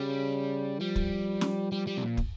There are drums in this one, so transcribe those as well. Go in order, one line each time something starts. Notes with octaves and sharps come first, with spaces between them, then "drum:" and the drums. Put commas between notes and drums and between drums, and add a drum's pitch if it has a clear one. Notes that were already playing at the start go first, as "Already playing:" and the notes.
Already playing: C#3 G3
F3 G3
drum: kick
drum: snare
G3
G3
C3
A#2
drum: kick